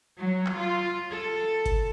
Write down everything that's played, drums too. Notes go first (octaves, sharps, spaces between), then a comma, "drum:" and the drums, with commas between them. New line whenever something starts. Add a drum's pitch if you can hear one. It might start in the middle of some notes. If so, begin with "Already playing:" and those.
F#3
drum: clap
F4
A4
drum: kick G1, hi-hat